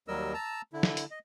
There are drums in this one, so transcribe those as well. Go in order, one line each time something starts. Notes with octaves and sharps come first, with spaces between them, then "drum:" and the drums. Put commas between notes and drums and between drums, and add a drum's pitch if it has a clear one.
D#2 F#3 G3 A#4 D#5 E6
A5 A#5 E6
D3 E4
drum: snare
drum: hi-hat
D#5